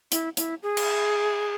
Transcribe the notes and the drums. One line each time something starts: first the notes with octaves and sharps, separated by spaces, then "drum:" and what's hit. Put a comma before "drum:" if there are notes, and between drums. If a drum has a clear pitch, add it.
E4, drum: hi-hat
E4, drum: hi-hat
G#4
drum: cymbal